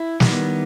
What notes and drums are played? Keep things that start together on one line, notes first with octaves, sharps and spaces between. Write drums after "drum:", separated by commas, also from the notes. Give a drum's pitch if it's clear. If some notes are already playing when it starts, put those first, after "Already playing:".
Already playing: E4
D#3 G3 B3, drum: snare